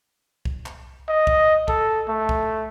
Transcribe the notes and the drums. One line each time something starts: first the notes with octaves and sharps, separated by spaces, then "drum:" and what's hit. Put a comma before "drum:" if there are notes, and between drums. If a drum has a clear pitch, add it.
drum: kick C2
drum: clap
D#5
drum: kick C2
A4, drum: kick C2
A3
drum: kick C2